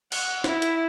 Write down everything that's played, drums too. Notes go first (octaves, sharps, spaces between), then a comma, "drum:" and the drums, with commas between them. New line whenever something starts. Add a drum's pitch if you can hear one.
F#5, drum: cymbal
E4, drum: snare
drum: hi-hat